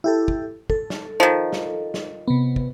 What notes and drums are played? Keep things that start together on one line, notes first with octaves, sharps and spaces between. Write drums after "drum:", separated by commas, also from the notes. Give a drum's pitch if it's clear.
E4 G4 A4
drum: kick
A4, drum: kick
drum: snare
D#3 F3
drum: snare
drum: snare
C3 B3
drum: kick